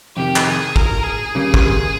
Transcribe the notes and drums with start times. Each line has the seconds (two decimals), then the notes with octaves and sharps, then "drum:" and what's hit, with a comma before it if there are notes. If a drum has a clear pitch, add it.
0.16 F2 C3 D#3 G4
0.36 drum: clap
0.46 G#4
0.76 A#4, drum: kick
1.04 G#4
1.35 D#2 C#3 G3 A#3
1.54 drum: kick